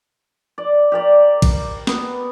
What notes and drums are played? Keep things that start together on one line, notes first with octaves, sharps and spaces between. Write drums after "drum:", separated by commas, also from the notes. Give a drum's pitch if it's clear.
D5
G4 A#4 D5
drum: kick, cymbal
B3, drum: snare